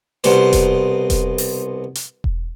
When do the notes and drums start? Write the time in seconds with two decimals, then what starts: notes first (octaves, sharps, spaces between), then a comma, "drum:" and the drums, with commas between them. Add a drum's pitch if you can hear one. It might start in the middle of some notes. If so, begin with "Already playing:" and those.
0.24 C2 B2 C5, drum: hi-hat
0.53 drum: kick E1, hi-hat
1.10 drum: kick E1, hi-hat
1.38 drum: open hi-hat
1.95 drum: hi-hat
2.24 drum: kick E1